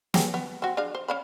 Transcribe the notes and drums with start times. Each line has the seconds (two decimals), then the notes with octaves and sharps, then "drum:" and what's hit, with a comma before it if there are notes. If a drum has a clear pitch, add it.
0.14 F#3 G4 G#4, drum: snare
0.34 B3
0.62 C4 F#4
0.77 D4 G#4 F5
0.95 C5
1.08 C#4 F5 B5